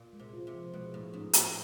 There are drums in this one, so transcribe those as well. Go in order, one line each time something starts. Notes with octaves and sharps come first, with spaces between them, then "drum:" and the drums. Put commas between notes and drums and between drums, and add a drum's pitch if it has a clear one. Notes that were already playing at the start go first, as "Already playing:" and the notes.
Already playing: A#2
G#3
C3
F4
C3
F3
B2 G#3
A2 G#3
G#2 C#4
A2 C#4, drum: hi-hat